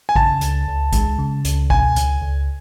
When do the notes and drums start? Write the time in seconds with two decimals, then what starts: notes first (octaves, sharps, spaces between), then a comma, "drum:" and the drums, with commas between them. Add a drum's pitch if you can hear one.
0.09 G#5
0.16 C#3 A5, drum: kick
0.41 C#2, drum: hi-hat
0.68 C#2
0.93 G#3, drum: kick, hi-hat
1.19 C#3
1.45 C#2, drum: hi-hat
1.70 B2 G#5, drum: kick
1.96 C#2, drum: hi-hat
2.21 C#2